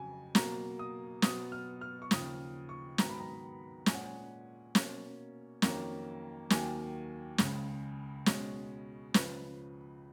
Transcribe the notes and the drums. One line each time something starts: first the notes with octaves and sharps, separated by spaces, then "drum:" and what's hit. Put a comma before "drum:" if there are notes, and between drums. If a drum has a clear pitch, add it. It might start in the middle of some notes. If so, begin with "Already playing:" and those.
Already playing: F2 C#3 F#3 G#5
B2 F#3 A#3 A#5, drum: snare
D#6
B2 F#3 B3 D#6, drum: snare
F6
F6
C#6
D#2 C#3 F3 D#6, drum: snare
C#6
G#2 D#3 F#3 B3 A#5, drum: snare
B5
A#5
A#2 G#3 C#4 G#5, drum: snare
F#5
G#5
B2 A#3 C#4, drum: snare
F2 D#3 F#3 A#3 C#4 A#5, drum: snare
D#2 D#3 F#3 A#3 G#5, drum: snare
C#2 C#3 G#3, drum: snare
B2 G#3 C#4, drum: snare
C#2 C#3 F3 B4, drum: snare